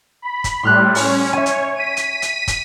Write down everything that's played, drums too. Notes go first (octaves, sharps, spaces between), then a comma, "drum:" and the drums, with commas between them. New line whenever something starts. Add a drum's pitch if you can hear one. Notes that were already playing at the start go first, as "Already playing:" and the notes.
B5
drum: kick, hi-hat
A2 G3 C6 F6 F#6
C#4, drum: open hi-hat
C#5 E5 G#5
drum: hi-hat
B6 D#7
drum: hi-hat
drum: hi-hat
drum: kick, hi-hat